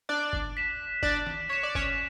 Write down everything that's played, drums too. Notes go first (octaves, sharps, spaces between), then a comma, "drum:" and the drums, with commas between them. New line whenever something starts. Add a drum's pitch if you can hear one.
D4 D5 F#6
drum: kick
B6 E7
D4 D5 F#6, drum: kick
drum: snare
C#5 B6 E7
D5
C#4 C#5, drum: kick